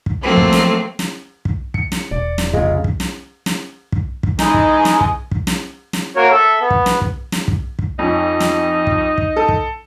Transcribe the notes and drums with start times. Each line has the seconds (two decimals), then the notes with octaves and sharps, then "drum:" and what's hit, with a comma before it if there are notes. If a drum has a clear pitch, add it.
0.06 drum: kick
0.23 F3 F#3 A3 A#3 C4
0.37 drum: kick
0.53 drum: snare
0.99 drum: snare
1.45 drum: kick
1.74 C#7, drum: kick
1.92 drum: snare
2.11 E1 D5
2.38 drum: snare
2.53 F1 C#3 G#3 F4, drum: kick
2.84 drum: kick
3.00 drum: snare
3.46 drum: snare
3.92 drum: kick
4.23 drum: kick
4.39 E3 G#3 D#4 D#5 G#5, drum: snare
4.54 drum: kick
4.85 drum: snare
5.01 drum: kick
5.31 drum: kick
5.47 drum: snare
5.93 drum: snare
6.16 A#3 F#4 A#4 C#5
6.31 A4 E5
6.60 B3
6.70 drum: kick
6.86 drum: snare
7.01 drum: kick
7.32 drum: snare
7.48 drum: kick
7.79 drum: kick
7.99 F2 C#4 D#4
8.40 drum: snare
8.87 drum: kick
9.18 drum: kick
9.36 A4
9.49 drum: kick